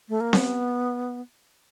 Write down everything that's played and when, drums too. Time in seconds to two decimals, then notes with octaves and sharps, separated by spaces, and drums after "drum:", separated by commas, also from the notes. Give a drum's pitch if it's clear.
0.09 A3
0.21 A#3
0.33 B3, drum: snare C4